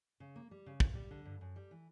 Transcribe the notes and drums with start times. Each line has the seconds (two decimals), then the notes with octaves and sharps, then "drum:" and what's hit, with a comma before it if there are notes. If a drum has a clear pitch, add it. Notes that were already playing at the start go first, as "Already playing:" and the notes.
0.20 C#3
0.36 A#3
0.51 G3
0.66 C#3
0.80 G2, drum: kick
0.95 G3
1.11 D3
1.25 G2
1.41 F#2
1.56 G3
1.71 E3